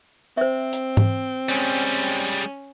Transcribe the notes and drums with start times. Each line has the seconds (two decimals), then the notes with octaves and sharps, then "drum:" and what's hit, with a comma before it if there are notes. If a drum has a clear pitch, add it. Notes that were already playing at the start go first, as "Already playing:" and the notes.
0.37 C4 C5 E5
0.73 drum: hi-hat
0.97 drum: tom G#2
1.49 G3 G#3 C#4